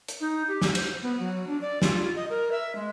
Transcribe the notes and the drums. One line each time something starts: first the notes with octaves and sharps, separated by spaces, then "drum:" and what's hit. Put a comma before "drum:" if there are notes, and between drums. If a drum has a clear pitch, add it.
drum: hi-hat
D#4
G4
drum: snare
C5, drum: cymbal
B3
F#3
D4
D5
F4, drum: snare
D#5
A#4
E5
G#3